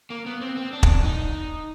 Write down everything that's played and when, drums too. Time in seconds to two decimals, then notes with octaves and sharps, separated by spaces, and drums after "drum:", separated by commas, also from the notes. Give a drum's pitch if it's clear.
0.10 A#3
0.26 B3
0.41 C4
0.57 C4
0.73 D4
0.83 drum: kick
1.03 D#4